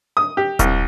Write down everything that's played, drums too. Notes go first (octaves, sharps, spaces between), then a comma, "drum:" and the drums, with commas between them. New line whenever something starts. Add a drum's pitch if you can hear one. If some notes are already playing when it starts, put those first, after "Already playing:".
D#6
G4
C2, drum: kick D#1, hi-hat